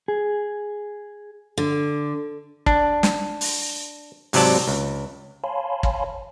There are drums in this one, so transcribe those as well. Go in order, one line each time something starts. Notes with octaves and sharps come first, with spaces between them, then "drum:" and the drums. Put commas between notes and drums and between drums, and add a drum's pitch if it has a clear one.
G#4
D3
D4, drum: kick
drum: snare
drum: open hi-hat
G#2 C3 F#3 D5 A5, drum: open hi-hat
C#2
C#5 F5 G#5 A5 B5 C6
drum: kick